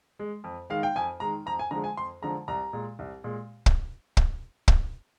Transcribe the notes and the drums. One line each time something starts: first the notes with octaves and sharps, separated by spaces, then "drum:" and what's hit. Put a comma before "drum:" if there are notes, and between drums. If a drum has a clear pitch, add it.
G#3
F2
D#3 G#3 F5
G5
F2 G#5
D#3 G#3 A#5
F2 A#5
G#5
D3 F3 G#3 A#5
G#5
F2 C6
D3 F3 G#3 A#5
C2 A#5
A#2 G#3
C2
A#2 G#3
drum: kick
drum: kick
drum: kick